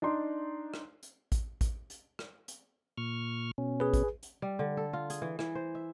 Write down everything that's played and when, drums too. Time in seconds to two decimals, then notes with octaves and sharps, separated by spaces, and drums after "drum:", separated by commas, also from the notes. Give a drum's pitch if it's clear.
0.02 D4 D#4 D5 C6
0.74 drum: rim click
1.03 drum: hi-hat
1.32 drum: kick A1, hi-hat
1.61 drum: kick A1, hi-hat
1.90 drum: hi-hat
2.19 drum: rim click
2.48 drum: hi-hat
2.98 A#2 C#6 F6
3.58 B2 C#4
3.80 G#4 B4
3.94 drum: kick A1, hi-hat
4.23 drum: hi-hat
4.42 G3
4.59 D3
4.77 A4
4.93 F4
5.10 G#4, drum: hi-hat
5.22 E3
5.39 E3, drum: rim click
5.55 C5
5.75 E5